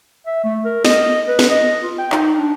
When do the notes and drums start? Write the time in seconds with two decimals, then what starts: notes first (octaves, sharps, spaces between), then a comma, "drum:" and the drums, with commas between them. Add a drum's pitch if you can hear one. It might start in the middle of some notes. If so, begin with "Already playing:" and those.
0.26 E5
0.44 A3
0.65 A#4
0.85 D#5, drum: snare
1.28 B4
1.39 drum: snare
1.50 D#5
1.82 F4
1.98 G5
2.12 D#4, drum: clap
2.36 D4